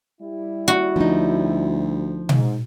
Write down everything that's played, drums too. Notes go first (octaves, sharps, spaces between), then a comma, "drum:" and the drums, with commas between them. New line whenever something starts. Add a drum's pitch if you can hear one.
G3 E4
F#4
D2 F3 D#4
G#2, drum: tom B2